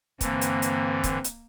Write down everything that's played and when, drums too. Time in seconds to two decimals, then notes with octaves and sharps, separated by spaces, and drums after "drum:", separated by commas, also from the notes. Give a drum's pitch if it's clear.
0.21 G2 D3 E3 A#3 C4, drum: kick, hi-hat
0.41 drum: hi-hat
0.62 drum: hi-hat
1.04 drum: kick, hi-hat
1.24 drum: hi-hat